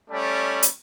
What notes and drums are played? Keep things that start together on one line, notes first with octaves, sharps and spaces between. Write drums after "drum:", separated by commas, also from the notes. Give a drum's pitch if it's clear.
G3 A3 C#4 D5
drum: hi-hat